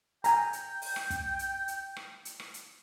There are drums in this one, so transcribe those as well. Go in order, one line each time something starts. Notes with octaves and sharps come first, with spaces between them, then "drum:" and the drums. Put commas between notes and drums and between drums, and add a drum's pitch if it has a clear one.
G5 G#5 A#5, drum: hi-hat
drum: hi-hat
drum: open hi-hat
drum: rim click
drum: kick, hi-hat
drum: hi-hat
drum: hi-hat
drum: rim click
drum: hi-hat
drum: rim click
drum: hi-hat